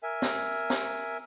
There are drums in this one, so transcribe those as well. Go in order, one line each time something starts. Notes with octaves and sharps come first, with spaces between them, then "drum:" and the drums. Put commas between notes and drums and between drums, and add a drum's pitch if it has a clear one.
A#4 E5 G#5
drum: snare
drum: snare